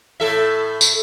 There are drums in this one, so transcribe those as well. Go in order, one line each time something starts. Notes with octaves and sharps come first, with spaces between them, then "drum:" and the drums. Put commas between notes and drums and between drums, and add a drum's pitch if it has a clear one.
A2 A4 E5
drum: tambourine